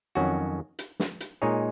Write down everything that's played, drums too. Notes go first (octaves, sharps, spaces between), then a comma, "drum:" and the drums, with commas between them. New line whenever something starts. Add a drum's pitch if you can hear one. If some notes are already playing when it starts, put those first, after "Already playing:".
F2 D#3 F#3 C#4 F#4
drum: hi-hat
drum: snare
drum: hi-hat
A#2 G#3 D#4 G#4 C#5